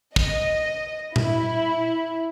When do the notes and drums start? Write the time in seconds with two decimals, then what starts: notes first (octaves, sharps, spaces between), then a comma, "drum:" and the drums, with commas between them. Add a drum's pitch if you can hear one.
0.16 D#5, drum: kick
1.16 E4, drum: tom A#2